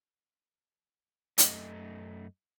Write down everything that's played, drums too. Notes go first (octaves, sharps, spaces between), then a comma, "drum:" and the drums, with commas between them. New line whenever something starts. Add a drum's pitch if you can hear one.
F#2 A3 D#5, drum: hi-hat